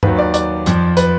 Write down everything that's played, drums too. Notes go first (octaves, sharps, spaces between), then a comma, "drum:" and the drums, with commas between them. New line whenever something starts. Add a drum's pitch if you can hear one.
D#2 D#3 F#3 B4, drum: tom G2
D5
D5, drum: hi-hat
F2 F3, drum: hi-hat
B4, drum: hi-hat